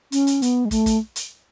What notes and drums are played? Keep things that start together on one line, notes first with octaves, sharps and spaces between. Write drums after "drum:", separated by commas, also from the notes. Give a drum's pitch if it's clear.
C#4, drum: hi-hat
drum: hi-hat
B3, drum: hi-hat
G#3
A3, drum: kick, hi-hat
drum: kick, hi-hat
drum: hi-hat